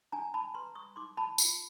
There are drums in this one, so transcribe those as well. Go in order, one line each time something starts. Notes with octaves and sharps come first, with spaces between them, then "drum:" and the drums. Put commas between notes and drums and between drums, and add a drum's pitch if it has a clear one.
D4 G#5 A#5
A5 B5
B4 A#5 C6
C#6 D#6
D#4 C6 D6
A5 B5
F4, drum: tambourine